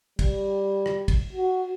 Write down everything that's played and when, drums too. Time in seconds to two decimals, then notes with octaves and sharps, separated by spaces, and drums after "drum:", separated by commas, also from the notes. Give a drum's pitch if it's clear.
0.19 G3, drum: kick, cymbal
0.86 drum: rim click
1.08 drum: kick, cymbal
1.32 F#4